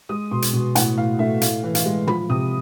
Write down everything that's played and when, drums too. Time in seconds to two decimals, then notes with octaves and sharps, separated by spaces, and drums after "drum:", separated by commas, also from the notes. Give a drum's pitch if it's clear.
0.09 G#3 D#6
0.31 B2 C6
0.42 drum: hi-hat
0.53 B2
0.75 A2 F#5, drum: hi-hat
0.97 A2 F5
1.19 A3 E5
1.41 A2 F5, drum: hi-hat
1.63 E3
1.75 F5, drum: hi-hat
1.86 G#3
2.07 F3 B5, drum: tom
2.29 C3 D#6